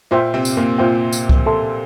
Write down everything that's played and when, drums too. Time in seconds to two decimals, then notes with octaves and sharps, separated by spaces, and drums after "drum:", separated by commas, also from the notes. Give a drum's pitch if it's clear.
0.11 A#2 A#3 F4 C5 E5 G5
0.34 C3 C4
0.45 drum: tambourine
0.57 A#2 A#3
0.78 A#2 A#3 F4 C5 E5 G5
1.13 drum: tambourine
1.29 drum: kick C2
1.46 A4 E5 A5 C6